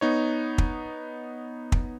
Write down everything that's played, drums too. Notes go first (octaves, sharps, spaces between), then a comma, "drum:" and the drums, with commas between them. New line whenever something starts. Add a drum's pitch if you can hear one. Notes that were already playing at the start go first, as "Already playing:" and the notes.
B3 D#4 C#5
drum: kick
drum: kick